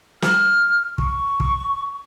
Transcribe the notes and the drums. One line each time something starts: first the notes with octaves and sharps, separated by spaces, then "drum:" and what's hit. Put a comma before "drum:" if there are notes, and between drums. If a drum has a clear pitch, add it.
F6, drum: snare
C#6, drum: kick
drum: kick